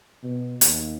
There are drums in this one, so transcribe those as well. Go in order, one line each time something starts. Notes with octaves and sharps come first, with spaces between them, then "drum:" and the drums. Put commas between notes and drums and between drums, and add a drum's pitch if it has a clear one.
B2
D#2, drum: hi-hat